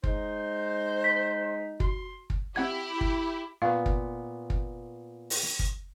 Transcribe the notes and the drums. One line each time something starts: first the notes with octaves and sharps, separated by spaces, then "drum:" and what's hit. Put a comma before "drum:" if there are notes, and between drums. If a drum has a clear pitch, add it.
G#3 D#4 C5, drum: kick
B6
F#4 C6, drum: kick
drum: kick
C4 E4 G4 F#5 G#6
drum: kick
A#2 B3 F5
drum: kick
drum: kick
drum: open hi-hat
drum: kick